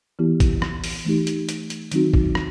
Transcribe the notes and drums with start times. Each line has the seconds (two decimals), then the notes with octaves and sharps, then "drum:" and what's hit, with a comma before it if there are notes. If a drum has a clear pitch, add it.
0.19 E3 B3 E4 G4
0.40 drum: kick, hi-hat
0.62 drum: rim click
0.84 drum: open hi-hat
1.05 E3 A3 D#4 G4
1.27 drum: hi-hat
1.49 drum: hi-hat
1.70 drum: hi-hat
1.92 D#3 F#3 C4 D#4 F#4, drum: hi-hat
2.14 drum: kick
2.35 drum: rim click